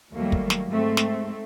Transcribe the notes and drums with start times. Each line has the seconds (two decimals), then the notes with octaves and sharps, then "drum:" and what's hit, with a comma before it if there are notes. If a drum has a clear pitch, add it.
0.14 D#2 F#3 G3 A3 A#3
0.32 drum: kick
0.50 drum: snare
0.69 G#2 A3 C4
0.97 drum: snare